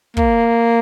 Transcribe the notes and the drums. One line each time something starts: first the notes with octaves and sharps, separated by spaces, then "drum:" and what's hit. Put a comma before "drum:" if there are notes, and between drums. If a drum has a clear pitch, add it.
A#3, drum: kick